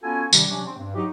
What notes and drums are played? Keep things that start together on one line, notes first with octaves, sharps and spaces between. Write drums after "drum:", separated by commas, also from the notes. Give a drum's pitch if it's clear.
B3 C#4 F4 F#4 A4 G#5
C3 D#3 G3 D4, drum: tambourine
C3 F#3 C#4 D4
C4
G2
F#3 D#4 F#4 G4